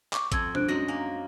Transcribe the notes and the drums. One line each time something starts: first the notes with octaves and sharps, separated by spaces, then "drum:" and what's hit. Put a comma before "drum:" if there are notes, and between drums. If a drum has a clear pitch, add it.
C#6 D6, drum: clap
F2 E6 G#6, drum: kick A1, hi-hat
D4 C5 F#6 D7, drum: tom
F#2 G#3 D#4 F#4 A#6
A#3 G#5